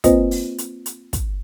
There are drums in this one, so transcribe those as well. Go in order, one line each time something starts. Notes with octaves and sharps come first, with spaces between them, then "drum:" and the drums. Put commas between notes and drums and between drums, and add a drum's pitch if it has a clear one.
A#3 C4 F4 B4 C5 D#5, drum: kick, hi-hat
drum: open hi-hat
drum: hi-hat
drum: hi-hat
drum: kick, hi-hat